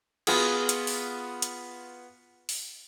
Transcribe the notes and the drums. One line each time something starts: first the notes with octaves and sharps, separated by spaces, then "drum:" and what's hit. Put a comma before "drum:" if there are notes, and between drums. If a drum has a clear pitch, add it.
B3 F4 F#4 G#4, drum: cymbal
drum: hi-hat
drum: open hi-hat
drum: hi-hat
drum: open hi-hat